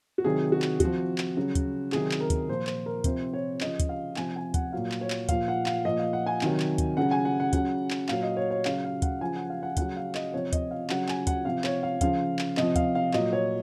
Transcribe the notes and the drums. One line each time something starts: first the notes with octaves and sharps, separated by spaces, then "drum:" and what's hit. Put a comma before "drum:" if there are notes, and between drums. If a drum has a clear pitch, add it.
F#4
C3 D#3 F#3 G#4
F#4
drum: clap
C3 F3 F#4, drum: kick, hi-hat
drum: clap
C#3 F#3
drum: kick, hi-hat
C3 D#3 F#3 G#4, drum: clap
drum: clap
A#4
drum: kick, hi-hat
A#2 F3 C5
C5, drum: clap
A#4
C3 F3 C5, drum: kick, hi-hat
C#5
C#3 F3 D#5, drum: clap
drum: kick, hi-hat
F5
C3 F3 G#5, drum: clap
G#5
F#5, drum: kick, hi-hat
A#2 F#3 F5
drum: clap
C#5
drum: clap
A#2 F3 F5, drum: kick, hi-hat
F#5
F5, drum: clap
A#2 F3 D#5
F5
F#5
G#5
C3 D#3 F#3, drum: clap
drum: clap
drum: kick, hi-hat
C#3 F#3 F#5
G#5
F#5
F#5
C#3 F#3 F#5, drum: kick, hi-hat
drum: clap
A#2 F#3 F5, drum: clap
D#5
C#5
C#5
C#3 F#3 F5, drum: clap
F5
F#5, drum: kick, hi-hat
C#3 F3 G#5
F#5
F5
F#5
C#3 F#3 F#5, drum: kick, hi-hat
F5
D#5, drum: clap
C3 F3 C#5
D#5, drum: kick, hi-hat
F5
C#3 F#3 F#5, drum: clap
G#5, drum: clap
F#5, drum: kick, hi-hat
C3 F3 F5
C#5, drum: clap
F5
C#3 F3 F5, drum: kick, hi-hat
drum: clap
C3 F3 D#5, drum: clap
F5, drum: kick, hi-hat
F5
A#2 F#3 D#5, drum: clap
C#5